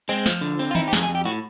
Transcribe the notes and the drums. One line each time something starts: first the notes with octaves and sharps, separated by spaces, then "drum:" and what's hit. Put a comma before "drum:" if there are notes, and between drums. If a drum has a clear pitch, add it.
G#3 C4
F3, drum: snare
D3
C4
F4
D#4 E4, drum: tom D#3
G4
F2 G#4, drum: snare
G#4
F2
G4
A2 F#4